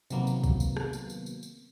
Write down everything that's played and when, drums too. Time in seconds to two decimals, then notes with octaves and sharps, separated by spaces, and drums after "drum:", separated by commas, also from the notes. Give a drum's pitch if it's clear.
0.10 C3 D#3 F#3 A#3 B3, drum: tambourine
0.27 drum: tambourine
0.43 drum: kick, tambourine
0.60 drum: tambourine
0.77 drum: rim click
0.93 drum: tambourine
1.10 drum: tambourine
1.26 drum: tambourine
1.43 drum: tambourine